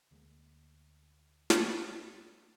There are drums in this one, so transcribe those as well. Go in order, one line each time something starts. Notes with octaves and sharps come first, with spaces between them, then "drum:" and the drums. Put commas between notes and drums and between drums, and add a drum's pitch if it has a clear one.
D2 F#3 G#3 A#3
drum: snare